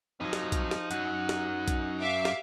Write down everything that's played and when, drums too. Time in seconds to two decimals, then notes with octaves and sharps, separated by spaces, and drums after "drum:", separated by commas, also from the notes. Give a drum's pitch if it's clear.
0.21 F2 F3 F#3 D#4
0.33 drum: snare
0.52 drum: kick, hi-hat
0.71 drum: snare
0.91 F#2 F#3 F#5, drum: hi-hat
1.29 drum: snare
1.68 drum: kick, hi-hat
2.02 E5 F5 D6
2.25 drum: snare